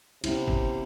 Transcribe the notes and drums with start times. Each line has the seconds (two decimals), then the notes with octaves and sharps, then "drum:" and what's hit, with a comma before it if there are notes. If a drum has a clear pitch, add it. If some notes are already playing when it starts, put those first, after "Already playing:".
0.24 C3 B3 C#4 E4, drum: cymbal
0.48 drum: kick G1